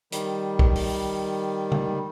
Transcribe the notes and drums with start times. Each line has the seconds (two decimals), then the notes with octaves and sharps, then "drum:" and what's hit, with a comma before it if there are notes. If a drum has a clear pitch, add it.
0.12 D#3 G3, drum: hi-hat
0.59 drum: kick
0.76 drum: open hi-hat
1.72 drum: tom C#3